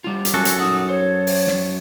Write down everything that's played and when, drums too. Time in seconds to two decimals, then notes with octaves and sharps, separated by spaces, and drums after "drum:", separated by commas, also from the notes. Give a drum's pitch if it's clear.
0.04 G3 F4
0.25 drum: hi-hat
0.34 F#2 F#4 A4 G#5
0.45 drum: hi-hat
0.59 D#4 F#5 D#6
0.89 C5 C#5
1.27 drum: open hi-hat
1.47 drum: snare